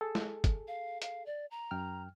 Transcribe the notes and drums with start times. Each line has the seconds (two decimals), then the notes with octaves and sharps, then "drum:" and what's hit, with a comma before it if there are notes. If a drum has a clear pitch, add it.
0.01 G#4 A4
0.15 drum: snare
0.44 drum: kick, hi-hat
0.68 F5
1.02 F5, drum: hi-hat
1.26 D5
1.51 A#5
1.71 F#2 G5 F6